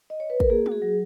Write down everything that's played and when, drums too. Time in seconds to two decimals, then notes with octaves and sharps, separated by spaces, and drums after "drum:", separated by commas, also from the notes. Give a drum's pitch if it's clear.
0.10 D#5
0.20 C#5
0.30 B4
0.40 A#4, drum: kick
0.50 A#3 G#4
0.66 F#4, drum: tom
0.72 G#4
0.82 F#3